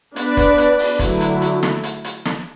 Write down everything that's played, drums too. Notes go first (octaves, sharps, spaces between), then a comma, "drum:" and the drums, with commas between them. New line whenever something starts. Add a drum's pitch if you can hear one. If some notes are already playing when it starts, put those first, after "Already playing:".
B3 D4 B4 D5, drum: hi-hat
drum: kick, hi-hat
drum: hi-hat
drum: open hi-hat
D3 F#3 A3 E4, drum: kick, hi-hat
drum: hi-hat
drum: hi-hat
drum: snare
drum: hi-hat
drum: hi-hat
drum: snare